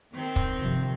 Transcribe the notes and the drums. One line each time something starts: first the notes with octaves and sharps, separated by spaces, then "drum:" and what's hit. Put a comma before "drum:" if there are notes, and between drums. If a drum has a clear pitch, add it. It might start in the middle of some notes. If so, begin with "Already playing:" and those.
D#3 C4
drum: kick
G2 C3 F3